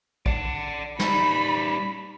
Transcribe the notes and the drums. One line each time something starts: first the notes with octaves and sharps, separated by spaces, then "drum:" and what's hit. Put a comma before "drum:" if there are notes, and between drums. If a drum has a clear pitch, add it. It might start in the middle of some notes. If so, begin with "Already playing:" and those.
D5 F#5, drum: kick
G3 D#4 B5, drum: snare